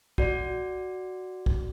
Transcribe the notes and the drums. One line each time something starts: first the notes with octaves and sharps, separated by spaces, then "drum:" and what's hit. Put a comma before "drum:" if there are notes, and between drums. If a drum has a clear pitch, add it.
F#4 D5, drum: kick
drum: kick